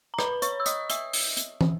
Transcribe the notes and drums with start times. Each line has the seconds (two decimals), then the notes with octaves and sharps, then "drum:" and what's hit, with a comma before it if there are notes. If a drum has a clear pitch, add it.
0.14 A#5
0.19 B4 B5, drum: rim click
0.42 C#5 C#6, drum: hi-hat
0.60 E6
0.66 D#5 D#6, drum: hi-hat
0.90 E5 E6, drum: hi-hat
1.13 drum: open hi-hat
1.37 drum: hi-hat
1.61 drum: tom